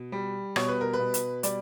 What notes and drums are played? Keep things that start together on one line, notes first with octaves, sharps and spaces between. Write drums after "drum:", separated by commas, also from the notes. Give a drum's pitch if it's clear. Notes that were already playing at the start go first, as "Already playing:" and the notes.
Already playing: B2
G3
B2 C#5, drum: rim click
B4
A#4
B4
B2
drum: hi-hat
G3 D5, drum: hi-hat